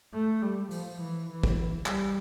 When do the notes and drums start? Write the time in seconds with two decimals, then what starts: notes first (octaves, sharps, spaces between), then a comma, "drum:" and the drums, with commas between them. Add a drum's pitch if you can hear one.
0.14 A3
0.42 G3
0.71 F3, drum: open hi-hat
1.00 E3
1.29 E3
1.43 drum: kick
1.86 G3, drum: clap